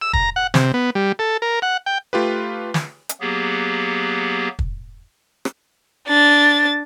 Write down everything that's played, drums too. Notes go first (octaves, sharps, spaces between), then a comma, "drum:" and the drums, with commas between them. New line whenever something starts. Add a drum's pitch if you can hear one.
E6
A#5, drum: kick
F#5
C3, drum: snare
B3
G3
A4
A#4
F#5
G5
A3 F4 G4 B4
drum: snare
drum: hi-hat
F#3 A#3 B3 G4 G#4
drum: kick
drum: rim click
D4 A6